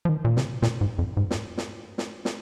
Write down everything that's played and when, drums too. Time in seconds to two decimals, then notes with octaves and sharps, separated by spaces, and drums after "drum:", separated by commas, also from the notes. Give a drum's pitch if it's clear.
0.05 F3
0.09 D#3
0.25 A#2
0.37 C3, drum: snare
0.62 A#2, drum: snare
0.81 G#2
0.99 F2
1.17 G#2
1.31 drum: snare
1.58 drum: snare
1.98 drum: snare
2.25 drum: snare